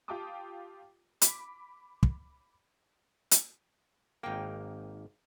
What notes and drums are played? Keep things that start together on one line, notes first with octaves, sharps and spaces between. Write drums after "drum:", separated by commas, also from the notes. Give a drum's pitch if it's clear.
F4 G4 G5 A5 D6 D#6
B5 D6 B6, drum: hi-hat
drum: kick
drum: hi-hat
G#1 A#3 D#4 G5